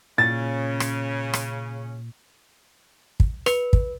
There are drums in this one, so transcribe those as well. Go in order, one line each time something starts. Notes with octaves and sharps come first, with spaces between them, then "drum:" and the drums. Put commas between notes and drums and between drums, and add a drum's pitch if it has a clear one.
A#2 C#3 C#4 A6
drum: rim click
drum: rim click
drum: kick
B4, drum: rim click
drum: kick